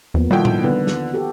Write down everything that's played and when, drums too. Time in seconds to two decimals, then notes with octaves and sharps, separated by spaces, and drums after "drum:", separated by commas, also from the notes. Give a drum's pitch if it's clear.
0.14 E2 F3 A#3 B3
0.31 B2 D#3 G3 E4 F4 A4 G5
0.45 drum: tom A2
0.64 D3 B3 B4
0.87 drum: snare
1.14 F#4 G4 A4